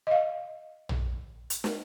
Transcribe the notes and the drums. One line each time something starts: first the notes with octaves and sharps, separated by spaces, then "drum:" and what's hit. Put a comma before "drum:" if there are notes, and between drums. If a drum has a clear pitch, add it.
D#5 F5
drum: tom
drum: hi-hat
drum: snare